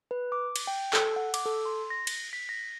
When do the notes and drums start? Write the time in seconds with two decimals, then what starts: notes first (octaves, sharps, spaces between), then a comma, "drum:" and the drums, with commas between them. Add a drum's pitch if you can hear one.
0.11 B4
0.32 D6
0.56 drum: cymbal
0.67 G5
0.93 A4, drum: clap
1.16 F#5
1.34 D6, drum: cymbal
1.46 A4
1.65 C6
1.90 A#6
2.07 drum: cymbal
2.33 B6
2.49 A#6